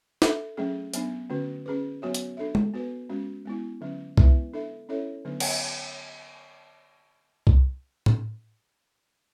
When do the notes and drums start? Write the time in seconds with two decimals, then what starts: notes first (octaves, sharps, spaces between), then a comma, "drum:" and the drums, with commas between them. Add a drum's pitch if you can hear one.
0.22 D4 A4 E5, drum: snare
0.57 F#3 A3 C#4 G#4
0.94 F#3 B3 D4, drum: hi-hat
1.30 D3 A3 C#4 F#4
1.66 C#4 G#4 B4
2.02 F#3 B3 F#4 C#5 E5
2.14 drum: hi-hat
2.37 D4 A4 E5
2.55 drum: tom G#3
2.74 B3 F#4 B4
3.09 G#3 C#4 F#4
3.45 G#3 B3 E4
3.81 D3 F#3 C#4
4.17 G#3 B3 E4 B4 E5, drum: kick C2
4.53 D4 A4 E5
4.89 C#4 E4 A4 C#5 E5
5.25 D3 F#3 B3 D4
5.40 drum: cymbal
7.47 drum: kick C2
8.06 drum: tom